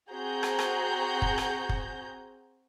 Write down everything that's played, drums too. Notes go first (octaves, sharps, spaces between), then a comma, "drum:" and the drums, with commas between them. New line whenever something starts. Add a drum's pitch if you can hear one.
C4 F#4 G#4 A#5 G6
drum: rim click
drum: rim click
drum: kick
drum: rim click
drum: kick